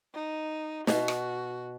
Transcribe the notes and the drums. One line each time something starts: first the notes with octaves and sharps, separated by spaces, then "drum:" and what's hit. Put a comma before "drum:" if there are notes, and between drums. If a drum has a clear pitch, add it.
D#4
B2 F#4, drum: snare
drum: rim click